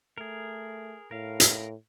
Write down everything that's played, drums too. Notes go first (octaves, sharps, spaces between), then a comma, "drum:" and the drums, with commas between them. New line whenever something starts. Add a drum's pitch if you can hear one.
A3 G#4 A#4
A2 A#4 F5
drum: hi-hat